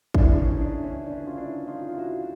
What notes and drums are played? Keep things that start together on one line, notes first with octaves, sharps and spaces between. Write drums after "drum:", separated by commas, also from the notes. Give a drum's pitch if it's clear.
D2 C#3 E3 D4 E4, drum: kick
D4
C#4 D#4
D4
C#4
D4
F4
D4 E4
D#4 F4
F4
E4 F#4